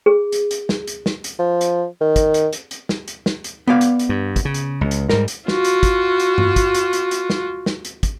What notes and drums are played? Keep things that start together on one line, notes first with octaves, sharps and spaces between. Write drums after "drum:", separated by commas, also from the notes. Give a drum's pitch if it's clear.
G#4
drum: hi-hat
drum: hi-hat
drum: snare
drum: hi-hat
drum: snare
drum: hi-hat
F3
drum: hi-hat
D#3
drum: kick, hi-hat
drum: hi-hat
drum: hi-hat
drum: hi-hat
drum: snare
drum: hi-hat
drum: snare
drum: hi-hat
B3 D5 F5
drum: hi-hat
drum: hi-hat
G2
drum: kick, hi-hat
C#3
drum: hi-hat
C#2
drum: hi-hat
G#2 G3 A#4, drum: snare
drum: hi-hat
F4 F#4, drum: snare
drum: hi-hat
drum: kick, hi-hat
drum: hi-hat
drum: tom G2
drum: kick, hi-hat
drum: hi-hat
drum: hi-hat
drum: hi-hat
drum: snare
drum: snare
drum: hi-hat
drum: kick, hi-hat